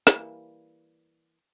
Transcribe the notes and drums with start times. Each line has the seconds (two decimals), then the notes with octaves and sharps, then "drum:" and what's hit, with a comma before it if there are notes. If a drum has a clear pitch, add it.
0.07 E3 G3 A#3, drum: snare